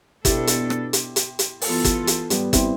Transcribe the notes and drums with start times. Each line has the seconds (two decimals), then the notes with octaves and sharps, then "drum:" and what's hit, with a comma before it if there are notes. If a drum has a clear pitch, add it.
0.25 B2 B3 D4 E4 G4 A4, drum: kick G1, hi-hat
0.47 drum: hi-hat
0.70 drum: rim click
0.93 drum: hi-hat
1.16 drum: hi-hat
1.39 drum: hi-hat
1.61 E3 B3 F4 A4, drum: open hi-hat
1.84 drum: kick G1, hi-hat
2.07 drum: hi-hat
2.30 G3 B3, drum: hi-hat
2.53 C4 E4, drum: kick G1, hi-hat